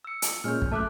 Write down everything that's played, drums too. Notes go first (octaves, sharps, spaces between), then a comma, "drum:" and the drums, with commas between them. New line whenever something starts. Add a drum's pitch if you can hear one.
E6 C#7
drum: hi-hat
A#2 G#3 C#4 F6 G6
drum: kick
F#2 A3 E5 A5 D6 F#6